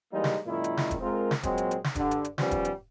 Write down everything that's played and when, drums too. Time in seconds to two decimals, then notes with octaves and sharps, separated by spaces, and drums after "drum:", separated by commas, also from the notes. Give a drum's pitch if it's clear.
0.12 E3 G3 G#3 A#3 D#4
0.24 drum: snare
0.46 F#2 A#2 D#3 G#3 E4
0.64 drum: hi-hat
0.77 drum: snare
0.91 drum: kick E1, hi-hat
1.01 G#3 C4 F4 A#4
1.31 drum: snare
1.43 A#2 F#3 G#3 C4, drum: kick E1, hi-hat
1.58 drum: hi-hat
1.71 drum: hi-hat
1.84 drum: snare
1.95 G2 D3, drum: kick E1, hi-hat
2.11 drum: hi-hat
2.25 drum: hi-hat
2.38 D#3 F3 G3 B3 C#4, drum: snare
2.51 drum: kick E1, hi-hat
2.65 drum: hi-hat